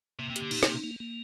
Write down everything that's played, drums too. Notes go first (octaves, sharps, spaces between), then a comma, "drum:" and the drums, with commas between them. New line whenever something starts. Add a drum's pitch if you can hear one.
C3 A#3
C3
D3 G4, drum: hi-hat
A#2 D#4, drum: cymbal
C3 A#3, drum: snare
A#3
A#3